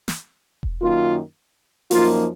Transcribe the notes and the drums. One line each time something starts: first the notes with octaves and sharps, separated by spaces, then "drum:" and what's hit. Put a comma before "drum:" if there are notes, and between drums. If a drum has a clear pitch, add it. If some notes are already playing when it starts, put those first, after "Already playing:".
drum: snare
drum: kick E1
F#2 D#3 A#3 F4
F#2 F3 A#3 D#4 F4, drum: open hi-hat